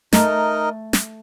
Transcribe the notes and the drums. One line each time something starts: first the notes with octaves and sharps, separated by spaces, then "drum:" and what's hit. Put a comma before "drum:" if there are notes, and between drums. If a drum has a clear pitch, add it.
A3 D#4 A#4 D#5, drum: snare
drum: snare